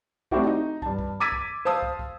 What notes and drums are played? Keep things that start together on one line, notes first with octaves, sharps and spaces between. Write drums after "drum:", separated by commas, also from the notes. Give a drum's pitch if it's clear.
A3 C4 D4 E4 F#4 G4, drum: kick
D#4
G2 A5, drum: kick
drum: kick
D6 E6 G#6 A6 B6 D#7
drum: kick
C5 F5 A5 D#6 E6
drum: kick
drum: kick